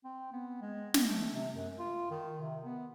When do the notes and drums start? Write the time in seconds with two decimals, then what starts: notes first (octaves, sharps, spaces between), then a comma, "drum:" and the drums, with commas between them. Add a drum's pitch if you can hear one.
0.04 C4
0.33 B3
0.61 G#3
0.94 drum: snare
1.07 A3
1.33 C3
1.54 F#2
1.79 F4
2.11 D#3
2.41 C3
2.64 B3